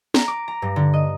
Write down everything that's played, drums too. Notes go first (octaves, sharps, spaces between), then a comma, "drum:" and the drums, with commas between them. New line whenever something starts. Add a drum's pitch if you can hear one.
A#5, drum: snare
D6
A#5
G2
D3
D#5